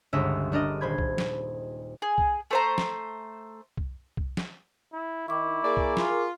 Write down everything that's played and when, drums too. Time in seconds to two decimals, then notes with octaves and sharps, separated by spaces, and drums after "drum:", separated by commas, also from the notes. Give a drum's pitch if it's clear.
0.13 G1 C#2 G#3 D#5 E5 E6
0.52 G3 D4 A#4 D#5
0.81 D#1 C5 B5 G#6
0.98 drum: kick C2
1.18 drum: snare
2.02 G#4
2.18 drum: kick C2
2.51 A3 C5 A#5
2.78 drum: snare
3.77 drum: kick C2
4.17 drum: kick C2
4.37 drum: snare
4.93 E4
5.28 D#3 E4 C#6 D6
5.64 A#3 G#4 A#4 D5
5.77 drum: kick C2
5.97 F4, drum: snare